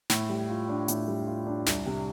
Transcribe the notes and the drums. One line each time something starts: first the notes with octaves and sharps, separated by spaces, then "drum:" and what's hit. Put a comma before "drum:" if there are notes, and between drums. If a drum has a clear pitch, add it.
A2, drum: snare
G3
F4
D4
A2, drum: hi-hat
G3
F4
D4
C2, drum: snare
C3